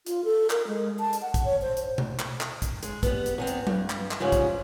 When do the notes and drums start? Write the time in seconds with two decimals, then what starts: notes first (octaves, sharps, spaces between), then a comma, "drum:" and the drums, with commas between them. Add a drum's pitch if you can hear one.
0.06 F4, drum: hi-hat
0.24 A4
0.50 A#4, drum: clap
0.67 G#3
0.99 A5
1.13 drum: hi-hat
1.22 F#5
1.34 drum: kick, hi-hat
1.45 C#5
1.62 C5
1.77 drum: hi-hat
1.98 drum: tom B2
2.19 drum: clap
2.41 drum: clap
2.62 drum: kick, hi-hat
2.83 G#3, drum: hi-hat
3.03 G3 B3, drum: kick, hi-hat
3.26 drum: hi-hat
3.38 E2 B3 C4
3.47 drum: hi-hat
3.67 G2, drum: tom F#3
3.90 drum: clap
4.11 drum: clap
4.20 G#2 C#3 F3 G3
4.32 drum: kick, hi-hat